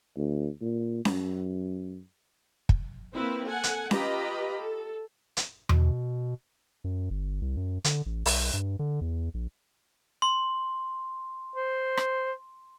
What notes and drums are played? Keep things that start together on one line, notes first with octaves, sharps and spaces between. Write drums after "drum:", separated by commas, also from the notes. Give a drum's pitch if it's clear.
D2
A#2
F#2, drum: snare C#4
drum: kick
A#3 C4 E4 B4 C5
A4 F#5 G#5
drum: hi-hat
F4 G4 B4 D#5 A#5 B5, drum: snare C#4
A4
drum: hi-hat
B2, drum: tom E2
F#2
G1
C2
F#2
D3, drum: hi-hat
A1
B1, drum: open hi-hat
G2
D3
E2
A#1
C6
C5
drum: rim click